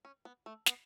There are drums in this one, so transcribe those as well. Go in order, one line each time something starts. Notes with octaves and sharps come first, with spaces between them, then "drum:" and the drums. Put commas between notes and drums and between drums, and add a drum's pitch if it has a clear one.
C#4
B3
A3
B3, drum: snare